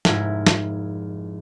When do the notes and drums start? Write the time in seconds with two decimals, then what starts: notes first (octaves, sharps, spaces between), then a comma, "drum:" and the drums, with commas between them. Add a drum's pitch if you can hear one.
0.05 F1 G#2 F3 E4 A#4 G#6, drum: snare
0.47 drum: snare